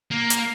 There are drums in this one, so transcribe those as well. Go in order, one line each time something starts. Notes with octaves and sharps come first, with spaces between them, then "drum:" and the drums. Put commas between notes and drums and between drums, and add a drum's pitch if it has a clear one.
A#3
drum: hi-hat